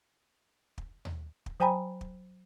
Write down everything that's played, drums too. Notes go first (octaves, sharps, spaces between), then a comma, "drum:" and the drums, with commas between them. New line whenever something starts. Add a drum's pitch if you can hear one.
drum: kick
drum: tom D#2
drum: kick
F#3 C5 G5 G#5 A#5 B5
drum: kick